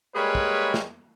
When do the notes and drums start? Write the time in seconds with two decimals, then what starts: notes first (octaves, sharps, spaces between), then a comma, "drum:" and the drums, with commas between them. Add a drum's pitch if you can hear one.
0.15 G3 G#3 A#3 G#4 B4 C#5
0.35 drum: kick
0.74 drum: snare